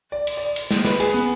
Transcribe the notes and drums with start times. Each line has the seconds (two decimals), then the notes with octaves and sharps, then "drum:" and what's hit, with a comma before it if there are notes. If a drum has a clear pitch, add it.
0.12 D5
0.27 drum: cymbal
0.37 D5
0.56 drum: cymbal
0.71 drum: snare
0.85 B4, drum: snare
1.00 G#4, drum: cymbal
1.14 B3